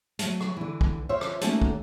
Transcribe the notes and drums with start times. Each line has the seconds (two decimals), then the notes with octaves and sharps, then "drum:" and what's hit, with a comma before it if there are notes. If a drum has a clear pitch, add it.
0.19 F#3 A3, drum: hi-hat
0.40 drum: rim click
0.57 D3 E3
0.81 drum: kick
1.09 F4 C5 C#5 E5
1.21 drum: rim click
1.41 A3 A#3 C#4 D#4 F#4 A4, drum: hi-hat
1.62 drum: kick